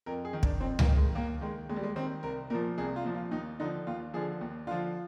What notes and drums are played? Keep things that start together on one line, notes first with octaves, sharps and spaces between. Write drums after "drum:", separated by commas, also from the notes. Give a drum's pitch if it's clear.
F2 A#4
G#4
D#3
D4, drum: kick
F2 C4
A#3, drum: tom C#2
D#3
G#3
D#2 A#3
D#3 G#3
D#2 G#3
G3
G#3
D#3 C4
C2 A#4
A#2 F3 A#4
C2 G#4
F4
A#2 F3
F4
D#2 D#4
D3 F3 D#4
D#2 F4
D3 F3 G#4
D#2
D3 F3 F4